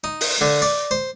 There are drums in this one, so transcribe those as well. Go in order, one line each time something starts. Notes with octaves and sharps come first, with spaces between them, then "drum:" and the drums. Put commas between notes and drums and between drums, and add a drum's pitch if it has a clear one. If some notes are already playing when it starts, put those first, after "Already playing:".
D#4
drum: open hi-hat
D3
D5
C5